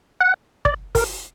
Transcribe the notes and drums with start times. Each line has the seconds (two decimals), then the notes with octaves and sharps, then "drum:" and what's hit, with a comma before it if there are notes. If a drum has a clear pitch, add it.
0.20 F#5
0.65 D5, drum: kick
0.95 A#4, drum: kick, open hi-hat